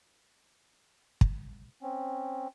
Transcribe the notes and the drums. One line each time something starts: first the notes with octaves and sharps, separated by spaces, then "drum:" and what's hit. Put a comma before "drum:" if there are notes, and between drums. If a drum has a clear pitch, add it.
drum: kick
C4 C#4